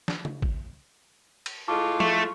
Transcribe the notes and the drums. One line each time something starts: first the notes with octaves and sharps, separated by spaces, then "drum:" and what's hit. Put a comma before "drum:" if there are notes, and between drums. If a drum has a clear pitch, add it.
drum: snare
drum: tom C#3
drum: kick
drum: cymbal
A2 G#3 F4 A5 C#6 D6
A3 C#6, drum: tom F3